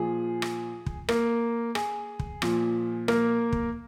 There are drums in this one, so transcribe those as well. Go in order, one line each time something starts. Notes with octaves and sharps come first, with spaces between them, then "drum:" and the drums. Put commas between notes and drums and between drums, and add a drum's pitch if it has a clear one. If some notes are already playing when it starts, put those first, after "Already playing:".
Already playing: A#2 F3 G#4
drum: rim click
drum: kick
A#3 A#4, drum: rim click
G#4, drum: rim click
drum: kick
A#2 F3, drum: rim click
A#3 A#4, drum: rim click
drum: kick